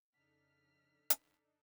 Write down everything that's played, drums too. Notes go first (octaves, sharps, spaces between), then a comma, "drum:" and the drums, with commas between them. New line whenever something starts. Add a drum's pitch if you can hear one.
F2 C#3 D4 D#4 A4 F6 B6
drum: hi-hat